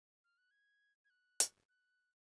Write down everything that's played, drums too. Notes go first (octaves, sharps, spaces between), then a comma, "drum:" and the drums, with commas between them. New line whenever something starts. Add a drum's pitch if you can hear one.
F6
F#6
G#6
G#6
F#6
drum: hi-hat
F#6